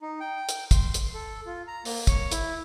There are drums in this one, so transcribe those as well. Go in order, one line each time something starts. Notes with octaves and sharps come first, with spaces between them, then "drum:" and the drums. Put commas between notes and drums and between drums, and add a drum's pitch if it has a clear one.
D#4
G5
drum: hi-hat
C6, drum: kick, hi-hat
drum: hi-hat
A4
F4
A#5
A#3, drum: open hi-hat
C#5, drum: kick, hi-hat
E4, drum: hi-hat